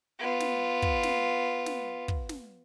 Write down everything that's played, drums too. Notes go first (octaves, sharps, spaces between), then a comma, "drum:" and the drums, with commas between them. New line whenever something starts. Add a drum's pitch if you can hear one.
B3 F4
drum: snare
drum: kick
drum: snare
drum: snare
drum: kick
drum: snare